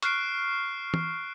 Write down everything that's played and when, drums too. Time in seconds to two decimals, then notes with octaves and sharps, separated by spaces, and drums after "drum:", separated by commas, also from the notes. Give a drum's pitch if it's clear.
0.02 C#6 F6 F#6 C7 D7, drum: hi-hat
0.94 drum: tom